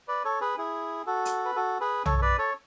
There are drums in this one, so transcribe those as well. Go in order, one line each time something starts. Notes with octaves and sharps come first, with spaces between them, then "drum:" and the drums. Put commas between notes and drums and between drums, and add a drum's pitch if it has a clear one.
B4 D5
A4 C#5
G#4 B4
E4 G#4
F#4 A4
drum: hi-hat
B4
F#4 A4
G#4 B4
A4 C#5, drum: tom
B4 D5
A4 C#5